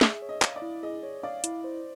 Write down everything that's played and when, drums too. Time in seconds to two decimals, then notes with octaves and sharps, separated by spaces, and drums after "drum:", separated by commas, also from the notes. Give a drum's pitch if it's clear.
0.01 G#4 E5, drum: snare
0.22 C#5
0.29 D#5
0.42 F5, drum: clap
0.56 D5
0.62 E4
0.83 G#4 D#5
1.03 C#5
1.23 D5 F5
1.44 E4, drum: hi-hat
1.64 C5